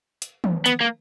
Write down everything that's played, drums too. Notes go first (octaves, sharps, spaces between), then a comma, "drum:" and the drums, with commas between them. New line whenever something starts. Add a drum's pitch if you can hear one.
drum: hi-hat
drum: tom
B3, drum: hi-hat
A#3